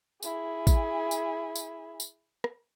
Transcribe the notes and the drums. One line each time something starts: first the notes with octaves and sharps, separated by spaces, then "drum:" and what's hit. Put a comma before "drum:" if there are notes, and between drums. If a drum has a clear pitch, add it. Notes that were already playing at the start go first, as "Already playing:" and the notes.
E4 G#4, drum: tambourine
drum: kick, tambourine
drum: tambourine
drum: tambourine
drum: tambourine
drum: rim click